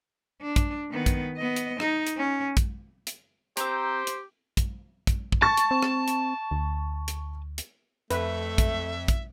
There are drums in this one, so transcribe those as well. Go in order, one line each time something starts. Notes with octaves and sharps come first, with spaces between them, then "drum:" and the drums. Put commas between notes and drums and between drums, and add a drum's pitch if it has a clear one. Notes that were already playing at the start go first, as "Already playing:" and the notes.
D4
drum: kick, hi-hat
D#3 B3
drum: kick, hi-hat
B3 D#5
drum: hi-hat
D#4, drum: rim click
drum: hi-hat
C#4
drum: kick, hi-hat
drum: hi-hat
C4 G4 C5 A#5, drum: hi-hat
drum: hi-hat
drum: kick, hi-hat
drum: kick, hi-hat
drum: kick
A5 C#6 A6
drum: hi-hat
C4
drum: rim click
drum: hi-hat
D2
drum: hi-hat
drum: hi-hat
F2 A3 B4 E5, drum: hi-hat
drum: kick, hi-hat
drum: kick, hi-hat